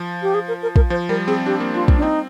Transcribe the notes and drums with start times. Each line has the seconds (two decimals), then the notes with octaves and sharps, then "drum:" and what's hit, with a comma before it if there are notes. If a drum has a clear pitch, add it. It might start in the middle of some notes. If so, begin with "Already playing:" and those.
Already playing: F3
0.22 G4
0.34 G#4
0.48 A#4
0.63 A#4
0.76 A#4, drum: kick
0.90 F3 C5
1.09 G3 A#4
1.27 C4 G#4
1.46 D4 G4
1.60 A#3
1.74 D4 F4
1.88 drum: kick
1.97 D4
2.02 C4 D#4